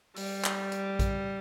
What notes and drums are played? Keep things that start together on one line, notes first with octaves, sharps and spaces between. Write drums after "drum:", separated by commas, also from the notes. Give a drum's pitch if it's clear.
G3, drum: open hi-hat
drum: clap
drum: hi-hat
drum: kick A#1, hi-hat